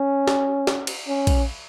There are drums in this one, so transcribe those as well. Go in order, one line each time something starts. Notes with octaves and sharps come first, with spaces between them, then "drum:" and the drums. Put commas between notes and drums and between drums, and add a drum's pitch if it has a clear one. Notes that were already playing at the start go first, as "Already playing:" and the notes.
Already playing: C#4
drum: snare
drum: snare
drum: cymbal
C#4
drum: kick, cymbal